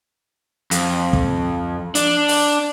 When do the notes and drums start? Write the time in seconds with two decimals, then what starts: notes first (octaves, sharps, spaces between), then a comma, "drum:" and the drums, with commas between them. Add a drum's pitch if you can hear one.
0.71 F2, drum: hi-hat
1.13 drum: kick
1.95 D4, drum: hi-hat
2.28 drum: open hi-hat